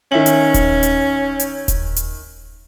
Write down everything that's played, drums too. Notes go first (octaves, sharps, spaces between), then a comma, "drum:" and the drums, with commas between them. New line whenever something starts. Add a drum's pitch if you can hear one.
D#3 C#4 E5 F#7
drum: hi-hat
drum: kick D#1, hi-hat
drum: hi-hat
drum: hi-hat
drum: kick D#1, hi-hat
drum: hi-hat